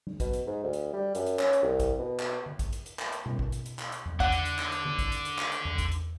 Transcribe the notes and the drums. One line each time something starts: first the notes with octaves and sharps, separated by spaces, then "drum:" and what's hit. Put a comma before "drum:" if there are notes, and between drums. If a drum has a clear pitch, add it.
drum: tom F#3
B2, drum: kick, hi-hat
drum: hi-hat
G#2
D2
drum: hi-hat
G3
F#2, drum: hi-hat
drum: hi-hat
C#4, drum: clap
drum: hi-hat
C2
drum: kick, hi-hat
B2
drum: clap
drum: tom D3
drum: kick, hi-hat
drum: hi-hat
drum: hi-hat
drum: clap
drum: hi-hat
drum: tom B2
drum: kick
drum: hi-hat
drum: hi-hat
drum: clap
drum: hi-hat
drum: tom E2
D3 F#5, drum: kick
drum: hi-hat
drum: hi-hat
drum: clap
drum: hi-hat
drum: tom D3
drum: kick, hi-hat
drum: hi-hat
drum: hi-hat
drum: clap
drum: hi-hat
drum: tom E2
drum: kick, hi-hat
drum: hi-hat